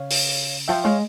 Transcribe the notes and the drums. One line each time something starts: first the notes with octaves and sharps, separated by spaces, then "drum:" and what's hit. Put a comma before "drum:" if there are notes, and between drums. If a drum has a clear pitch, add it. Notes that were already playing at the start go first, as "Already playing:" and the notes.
Already playing: C#3 C#5 F5
drum: open hi-hat
F3 E5 G5
G#3 C#5 F5